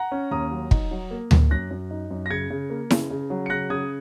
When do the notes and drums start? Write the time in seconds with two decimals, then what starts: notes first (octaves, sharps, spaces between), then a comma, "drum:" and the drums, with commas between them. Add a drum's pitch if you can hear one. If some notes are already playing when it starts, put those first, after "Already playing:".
Already playing: F#5 A#5
0.12 C#4
0.31 D#2 A#5 D#6
0.51 F#3
0.71 D#4, drum: kick
0.91 F#3
1.11 A#3
1.31 A#3, drum: tom D2
1.51 F#2 F#6 A#6
1.71 F#2
1.91 D#4
2.11 F#2
2.26 A#6
2.30 C#3 G#6 C#7
2.50 C#3
2.70 A#3
2.90 C#3, drum: snare E4
3.10 C#3
3.30 F#3
3.46 C#7
3.50 C#3 F#6 A#6
3.70 C#3 D#6 G#6